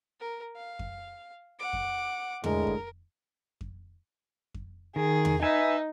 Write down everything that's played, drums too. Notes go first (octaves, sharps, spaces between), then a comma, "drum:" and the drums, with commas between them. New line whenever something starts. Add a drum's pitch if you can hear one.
A#4
F5
drum: kick F2
F#5 D6
drum: kick F2
A2 D3 G#3 A#4, drum: tom E2
drum: kick F2
drum: kick F2
drum: kick F2
D#3 G#4
drum: tom E2
D#4 B4 E5 G#5